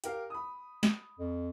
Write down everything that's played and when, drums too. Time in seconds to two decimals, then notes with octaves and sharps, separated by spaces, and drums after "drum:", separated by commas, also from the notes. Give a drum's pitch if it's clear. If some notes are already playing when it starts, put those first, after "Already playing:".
0.04 G4 A#4 F5, drum: hi-hat
0.30 B5 D#6
0.83 drum: snare
1.19 F2